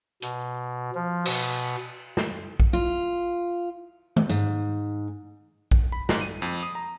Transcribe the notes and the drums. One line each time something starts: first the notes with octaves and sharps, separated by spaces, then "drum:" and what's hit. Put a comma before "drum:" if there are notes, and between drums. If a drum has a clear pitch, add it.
B2, drum: hi-hat
F3
B2, drum: cymbal
drum: snare
drum: kick A#1
F4
drum: tom D#3
G#2, drum: tambourine
drum: kick A#1
B5
G#2, drum: snare
D#7
F2
D#6
A#5